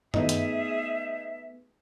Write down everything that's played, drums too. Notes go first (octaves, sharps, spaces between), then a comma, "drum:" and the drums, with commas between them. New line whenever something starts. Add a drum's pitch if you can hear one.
A3 B3 D#4 G#4 E5, drum: tom G2
drum: hi-hat